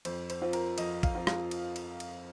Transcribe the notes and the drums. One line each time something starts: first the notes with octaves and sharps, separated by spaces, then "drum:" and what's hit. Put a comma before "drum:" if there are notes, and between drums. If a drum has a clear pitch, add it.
F2 C5, drum: cymbal
C5, drum: cymbal
F3 C4 F4
A#4, drum: cymbal
F2 D#5, drum: cymbal
F5, drum: kick, cymbal
F3 C4 F4
F5, drum: rim click
drum: cymbal
drum: cymbal
drum: cymbal